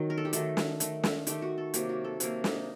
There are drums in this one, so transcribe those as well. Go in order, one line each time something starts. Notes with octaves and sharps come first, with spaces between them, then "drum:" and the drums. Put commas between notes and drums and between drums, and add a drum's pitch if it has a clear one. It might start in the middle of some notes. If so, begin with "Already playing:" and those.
Already playing: D#3 F#3
A#4
A4
G4
D#3 F#3 A3 A4, drum: hi-hat
drum: snare
D#3 A3, drum: hi-hat
drum: snare
D#3 A3 G4, drum: hi-hat
F#4
A4
C3 F#3 A#3 G4, drum: hi-hat
F#4
A4
C3 F#3 A#3, drum: hi-hat
D#4, drum: snare
D#4